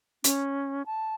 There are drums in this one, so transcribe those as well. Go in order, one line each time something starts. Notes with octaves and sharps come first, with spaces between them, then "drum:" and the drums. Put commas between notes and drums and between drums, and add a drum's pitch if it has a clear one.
C#4, drum: hi-hat
A5